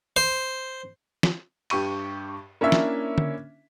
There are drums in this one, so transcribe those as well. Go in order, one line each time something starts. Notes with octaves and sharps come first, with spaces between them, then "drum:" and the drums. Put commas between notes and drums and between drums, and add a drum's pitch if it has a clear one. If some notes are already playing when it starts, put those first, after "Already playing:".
C5
drum: snare
G2 G4 C#6 D#7, drum: cymbal
A#3 C#4 D4 E4 E5
drum: snare
drum: tom D3